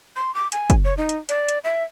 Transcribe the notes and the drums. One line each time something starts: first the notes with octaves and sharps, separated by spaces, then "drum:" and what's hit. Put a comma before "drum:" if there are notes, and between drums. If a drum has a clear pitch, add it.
C6
D6
G#5, drum: hi-hat
drum: kick, hi-hat
C#5
D#4
drum: hi-hat
D5, drum: hi-hat
drum: hi-hat
E5